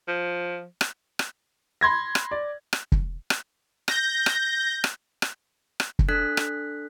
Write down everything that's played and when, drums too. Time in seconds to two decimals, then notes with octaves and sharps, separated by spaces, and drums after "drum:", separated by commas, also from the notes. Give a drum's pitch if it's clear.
0.08 F3
0.81 drum: rim click
1.19 drum: rim click
1.81 B5 C6 G#6 A#6
2.15 drum: rim click
2.31 D5
2.73 drum: rim click
2.92 drum: kick
3.30 drum: rim click
3.88 G6 A#6, drum: rim click
4.26 drum: rim click
4.84 drum: rim click
5.22 drum: rim click
5.80 drum: rim click
5.99 drum: kick
6.09 D4 A4 F#6 B6
6.37 drum: rim click